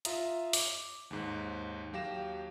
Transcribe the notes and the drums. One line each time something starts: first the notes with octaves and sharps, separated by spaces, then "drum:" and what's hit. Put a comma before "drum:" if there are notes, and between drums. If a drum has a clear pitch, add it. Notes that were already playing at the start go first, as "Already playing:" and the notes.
F4 E5 A#5 D#6, drum: hi-hat
D6, drum: open hi-hat
D#2 G#2
D#2 F#3 G4 F5 A#6 E7